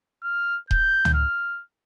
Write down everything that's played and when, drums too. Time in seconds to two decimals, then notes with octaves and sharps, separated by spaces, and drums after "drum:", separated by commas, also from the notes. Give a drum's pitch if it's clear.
0.24 F6
0.71 G6, drum: kick D#1
1.05 drum: tom
1.14 F6